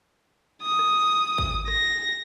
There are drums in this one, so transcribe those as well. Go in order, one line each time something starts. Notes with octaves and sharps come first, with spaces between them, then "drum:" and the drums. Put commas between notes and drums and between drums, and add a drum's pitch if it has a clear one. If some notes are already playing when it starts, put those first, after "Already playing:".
D#6
drum: rim click
drum: kick
A#6, drum: rim click